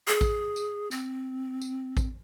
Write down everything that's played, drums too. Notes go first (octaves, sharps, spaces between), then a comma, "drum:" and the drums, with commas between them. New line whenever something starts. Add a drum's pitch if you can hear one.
G#4
drum: kick A1, tambourine
drum: tambourine
C4, drum: tambourine
drum: tambourine
drum: kick A1, tambourine